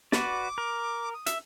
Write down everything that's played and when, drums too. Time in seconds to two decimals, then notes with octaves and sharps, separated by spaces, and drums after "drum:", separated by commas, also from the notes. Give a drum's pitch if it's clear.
0.12 F#4 B4 D5 D6, drum: snare
0.58 A#4
1.14 D#6
1.26 E5, drum: hi-hat